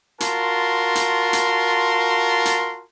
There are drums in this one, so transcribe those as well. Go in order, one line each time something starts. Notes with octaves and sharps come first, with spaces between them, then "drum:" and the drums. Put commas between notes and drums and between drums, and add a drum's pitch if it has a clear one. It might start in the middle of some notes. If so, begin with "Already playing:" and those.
F4 F#4 A#4 A5 C6, drum: hi-hat
drum: hi-hat
drum: hi-hat
drum: hi-hat